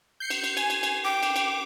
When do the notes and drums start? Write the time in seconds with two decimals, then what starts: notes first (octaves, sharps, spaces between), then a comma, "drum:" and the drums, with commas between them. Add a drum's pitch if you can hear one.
0.20 G6 C7 C#7
0.30 drum: cymbal
0.44 drum: cymbal
0.57 G#5, drum: cymbal
0.70 drum: cymbal
0.83 drum: cymbal
1.04 G5 D6
1.23 drum: cymbal
1.36 drum: cymbal